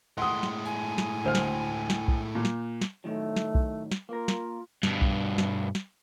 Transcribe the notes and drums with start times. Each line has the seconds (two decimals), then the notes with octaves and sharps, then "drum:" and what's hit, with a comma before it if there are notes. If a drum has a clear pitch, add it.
0.17 A2 G#3 F#5 C6 D#6
0.43 drum: snare
0.65 G#5
0.98 drum: snare
1.24 D2 C5 F6
1.35 drum: snare
1.90 drum: snare
2.08 drum: kick B1
2.35 A#2
2.45 drum: snare
2.81 drum: snare
3.04 A2 D#3 F#3 A3
3.36 drum: snare
3.55 drum: kick B1
3.92 drum: snare
4.09 A#3 F4 A#4
4.28 drum: snare
4.83 G2 B2, drum: snare
5.02 drum: kick B1
5.38 drum: snare
5.75 drum: snare